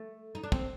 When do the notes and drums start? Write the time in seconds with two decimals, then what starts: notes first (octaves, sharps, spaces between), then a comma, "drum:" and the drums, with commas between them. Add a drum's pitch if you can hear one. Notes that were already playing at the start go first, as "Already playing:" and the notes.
Already playing: A3
0.35 D#4
0.44 D4
0.52 C4, drum: kick